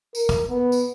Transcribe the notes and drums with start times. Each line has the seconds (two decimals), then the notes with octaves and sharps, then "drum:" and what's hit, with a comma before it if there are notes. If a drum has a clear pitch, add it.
0.15 A#4, drum: tambourine
0.29 drum: kick, tambourine
0.50 B3
0.72 drum: tambourine